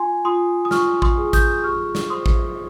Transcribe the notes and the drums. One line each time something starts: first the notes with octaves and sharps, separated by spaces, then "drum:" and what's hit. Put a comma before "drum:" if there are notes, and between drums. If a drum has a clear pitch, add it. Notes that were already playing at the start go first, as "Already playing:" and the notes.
Already playing: F4 G#5 C6
F4 C6 D#6
D#6
F4 C#6 F6, drum: snare
C6 D#6, drum: kick A1
G#4
D#6 G6, drum: kick A1, hi-hat
G4 C#6 F6
drum: snare
C5 C6 D#6
drum: kick A1